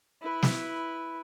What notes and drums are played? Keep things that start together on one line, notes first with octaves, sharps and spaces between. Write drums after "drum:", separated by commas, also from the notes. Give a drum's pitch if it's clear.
E4 B4
drum: snare